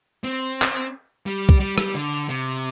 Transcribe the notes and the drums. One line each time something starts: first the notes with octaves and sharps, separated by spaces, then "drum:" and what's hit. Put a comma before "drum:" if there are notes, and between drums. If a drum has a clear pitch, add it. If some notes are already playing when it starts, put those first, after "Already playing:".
C4
drum: clap
G3
drum: kick C2
G3
G3, drum: rim click
D3
C3